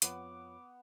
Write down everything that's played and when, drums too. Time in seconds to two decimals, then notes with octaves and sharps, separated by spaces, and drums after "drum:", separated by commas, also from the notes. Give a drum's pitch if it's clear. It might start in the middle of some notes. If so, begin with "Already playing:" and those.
0.02 F2 B3 F4 C#5 D6, drum: hi-hat